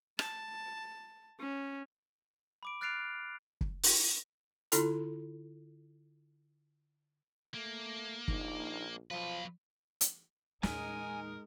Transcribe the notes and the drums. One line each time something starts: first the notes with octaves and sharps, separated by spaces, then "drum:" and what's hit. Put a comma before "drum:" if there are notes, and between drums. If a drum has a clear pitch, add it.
A5, drum: rim click
C#4
B5 D6 D7
F6 F#6 A6 C7 D7 F7
drum: kick
drum: open hi-hat
D3 D4 E4 F4 A4 C6, drum: hi-hat
A3 A#3
A#1 D#4, drum: kick
F3 F#3 B4 F5
drum: hi-hat
E2 A#2 G#3 D#4 A#4 G#5, drum: snare